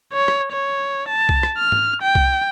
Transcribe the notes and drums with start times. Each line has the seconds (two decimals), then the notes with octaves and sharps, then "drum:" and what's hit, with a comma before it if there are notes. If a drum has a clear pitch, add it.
0.13 C#5
0.28 drum: rim click
0.52 C#5
1.08 A5
1.29 drum: kick C2
1.43 drum: rim click
1.58 F6
1.72 drum: tom G#2
2.02 G5
2.15 drum: kick C2